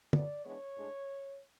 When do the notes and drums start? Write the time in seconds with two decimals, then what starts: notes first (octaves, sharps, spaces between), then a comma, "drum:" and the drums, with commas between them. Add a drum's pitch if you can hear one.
0.13 A2 F#3 B3 D5, drum: tom
0.44 E3 G#3 B3 D4 C#5
0.76 A2 G#3 D4